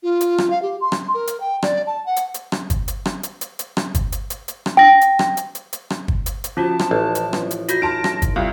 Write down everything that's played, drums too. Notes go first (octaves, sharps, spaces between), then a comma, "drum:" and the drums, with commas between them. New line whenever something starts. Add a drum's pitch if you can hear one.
F4
drum: hi-hat
drum: rim click
F5
G4
C6
drum: rim click
A#4
drum: hi-hat
G5
D5, drum: rim click
A5
F#5
drum: hi-hat
drum: hi-hat
drum: rim click
drum: kick, hi-hat
drum: hi-hat
drum: rim click
drum: hi-hat
drum: hi-hat
drum: hi-hat
drum: rim click
drum: kick, hi-hat
drum: hi-hat
drum: hi-hat
drum: hi-hat
drum: rim click
G5 A#6
drum: hi-hat
drum: rim click
drum: hi-hat
drum: hi-hat
drum: hi-hat
drum: rim click
drum: kick
drum: hi-hat
drum: hi-hat
F3 C#4 F4 F#4 A5
drum: rim click
A1 B4
drum: hi-hat
drum: rim click
drum: hi-hat
F4 F#4 G6 A#6, drum: hi-hat
D#4 A5 C6 F6 D7
drum: rim click
drum: kick, hi-hat
C2 F4 F5